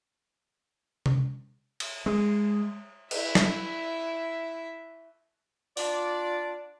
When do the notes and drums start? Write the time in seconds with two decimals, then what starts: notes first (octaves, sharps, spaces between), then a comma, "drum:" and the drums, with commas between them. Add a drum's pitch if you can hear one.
1.06 drum: tom C3
1.80 drum: cymbal
2.06 G#3
3.11 E4 E5, drum: cymbal
3.35 drum: snare
5.77 D4 F4 D5, drum: open hi-hat